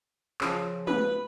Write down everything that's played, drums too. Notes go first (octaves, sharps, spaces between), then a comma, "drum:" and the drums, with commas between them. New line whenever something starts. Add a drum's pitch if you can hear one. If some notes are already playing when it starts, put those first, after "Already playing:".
C#3 F3, drum: clap
B4, drum: tom